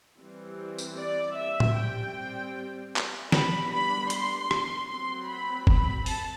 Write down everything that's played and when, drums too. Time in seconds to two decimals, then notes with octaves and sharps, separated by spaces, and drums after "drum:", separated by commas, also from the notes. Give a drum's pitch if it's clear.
0.20 E3 G3 C4
0.78 drum: tambourine
0.98 D5
1.37 E5
1.60 drum: tom A2
1.76 G3 C4 G5
2.96 drum: clap
3.32 G3 B3 D4 B5, drum: snare
3.72 B5
4.10 C6, drum: hi-hat
4.51 drum: rim click
4.89 F#3 C4 C6
5.28 B5
5.67 B5, drum: kick F#1
6.06 A5, drum: open hi-hat